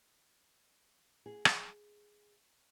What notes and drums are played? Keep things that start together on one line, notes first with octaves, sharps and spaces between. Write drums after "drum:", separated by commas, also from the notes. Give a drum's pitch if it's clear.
G#4
drum: rim click